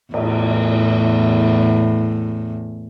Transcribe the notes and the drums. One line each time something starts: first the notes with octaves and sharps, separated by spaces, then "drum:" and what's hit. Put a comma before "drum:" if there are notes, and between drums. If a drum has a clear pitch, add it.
E2 A2, drum: cymbal